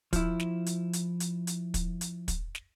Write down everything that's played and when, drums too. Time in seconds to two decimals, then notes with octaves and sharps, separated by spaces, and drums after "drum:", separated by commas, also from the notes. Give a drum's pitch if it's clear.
0.13 F3 E4, drum: kick, hi-hat
0.40 drum: snare
0.66 drum: hi-hat
0.93 drum: hi-hat
1.20 drum: hi-hat
1.47 drum: hi-hat
1.74 drum: kick, hi-hat
2.01 drum: hi-hat
2.28 drum: kick, hi-hat
2.55 drum: snare